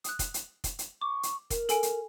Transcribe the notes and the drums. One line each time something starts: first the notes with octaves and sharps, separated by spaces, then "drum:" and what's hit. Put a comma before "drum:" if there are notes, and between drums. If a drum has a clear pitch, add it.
D#6 F#6, drum: hi-hat
drum: kick F1, hi-hat
drum: hi-hat
drum: kick F1, hi-hat
drum: hi-hat
C#6 D6
drum: hi-hat
A#4, drum: kick F1, hi-hat
A4 G#5 D7, drum: hi-hat
drum: hi-hat